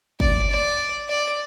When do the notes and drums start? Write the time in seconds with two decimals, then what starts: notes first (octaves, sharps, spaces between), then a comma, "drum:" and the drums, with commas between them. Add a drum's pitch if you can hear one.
0.20 D5, drum: kick
0.50 D5
1.09 D5